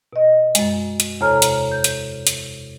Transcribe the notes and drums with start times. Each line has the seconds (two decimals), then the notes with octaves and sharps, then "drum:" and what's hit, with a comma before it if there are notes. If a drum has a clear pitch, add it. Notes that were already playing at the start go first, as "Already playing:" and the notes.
0.13 B2 D#5
0.55 F#2 G#3, drum: hi-hat
1.00 drum: hi-hat
1.21 E2 C3 A4 C#5 A#5 F6
1.42 drum: hi-hat
1.72 G6
1.84 drum: hi-hat
2.27 drum: hi-hat